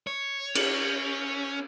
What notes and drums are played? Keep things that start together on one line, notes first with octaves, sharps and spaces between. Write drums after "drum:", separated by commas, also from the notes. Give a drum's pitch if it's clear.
C#5
C#4, drum: cymbal